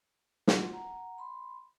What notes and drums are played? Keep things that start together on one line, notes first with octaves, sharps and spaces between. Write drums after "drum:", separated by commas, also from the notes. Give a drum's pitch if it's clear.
A3 F4 F#4 F#5 C6, drum: snare
F#5 A#5
B5 C6